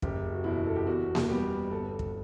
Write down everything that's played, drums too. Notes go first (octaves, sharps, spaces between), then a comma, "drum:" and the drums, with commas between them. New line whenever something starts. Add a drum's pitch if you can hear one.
F#1 G4, drum: kick
F#4
E2 B2 E4
A4
G4
E2 F#4
drum: snare A#3
B2 G3 B3 G4
G1 A4
drum: kick